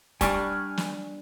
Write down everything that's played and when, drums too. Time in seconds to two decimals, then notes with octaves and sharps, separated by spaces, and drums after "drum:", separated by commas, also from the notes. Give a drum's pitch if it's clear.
0.21 G3 D4 G#5 C#6 F6, drum: kick F1, hi-hat
0.77 drum: snare